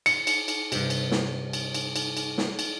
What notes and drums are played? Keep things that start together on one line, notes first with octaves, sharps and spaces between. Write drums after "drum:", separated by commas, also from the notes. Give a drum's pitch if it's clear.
C#7, drum: cymbal
drum: cymbal
drum: cymbal
G2 C3, drum: cymbal
drum: cymbal
drum: snare
drum: cymbal
drum: cymbal
drum: cymbal
drum: cymbal
drum: snare
drum: cymbal